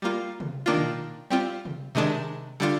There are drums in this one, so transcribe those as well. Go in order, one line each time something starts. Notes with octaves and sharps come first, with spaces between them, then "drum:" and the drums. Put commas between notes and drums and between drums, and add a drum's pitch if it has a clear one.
G3 A#3 F4
drum: tom C3
D#3 A#3 D4 F4
drum: tom A#2
G3 C4 F4
drum: tom C3
C3 D#3 G#3 D4
D3 G3 D4 F4